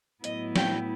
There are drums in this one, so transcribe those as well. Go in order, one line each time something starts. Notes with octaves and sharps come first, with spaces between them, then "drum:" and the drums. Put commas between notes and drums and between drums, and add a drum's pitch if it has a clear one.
A2 F#3 B3 E4 D#5, drum: hi-hat
G5, drum: snare